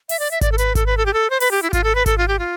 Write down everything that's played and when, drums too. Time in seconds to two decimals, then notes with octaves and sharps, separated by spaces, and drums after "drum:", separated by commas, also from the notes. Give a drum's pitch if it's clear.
0.09 E5, drum: open hi-hat
0.19 D5
0.31 E5
0.41 D5, drum: kick G#1, hi-hat
0.52 A4
0.58 B4, drum: hi-hat
0.75 A4, drum: kick G#1, hi-hat
0.86 B4
0.97 A4
1.06 G4
1.13 A4
1.30 C5
1.40 B4, drum: open hi-hat
1.51 G4
1.62 E4
1.70 G4
1.73 F4, drum: kick G#1, hi-hat
1.84 A4
1.95 B4
2.06 A4, drum: kick G#1, hi-hat
2.18 F4
2.28 G4
2.39 F4